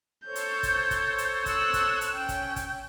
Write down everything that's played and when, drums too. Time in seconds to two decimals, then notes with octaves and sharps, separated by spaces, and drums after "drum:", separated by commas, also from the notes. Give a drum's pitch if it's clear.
0.26 A4 C5 C#5 G6
0.36 drum: hi-hat
0.63 drum: kick, hi-hat
0.91 drum: kick, hi-hat
1.18 drum: hi-hat
1.46 E6 F#6, drum: kick, hi-hat
1.73 drum: kick, hi-hat
2.01 drum: hi-hat
2.13 C#4 G5
2.29 drum: kick, hi-hat
2.56 drum: kick, hi-hat